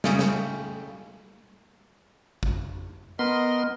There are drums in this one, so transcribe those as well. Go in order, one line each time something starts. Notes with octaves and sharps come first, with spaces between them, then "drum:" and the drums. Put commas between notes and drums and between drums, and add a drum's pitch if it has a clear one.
C#3 G3 A3, drum: snare
drum: snare
drum: kick
B3 A#4 D#5 C6